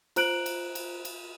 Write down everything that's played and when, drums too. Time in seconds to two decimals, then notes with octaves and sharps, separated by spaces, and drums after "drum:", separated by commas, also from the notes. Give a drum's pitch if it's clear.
0.16 F4 C5 A#5 F#6 D7 F#7, drum: cymbal
0.46 drum: cymbal
0.75 drum: cymbal
1.05 drum: cymbal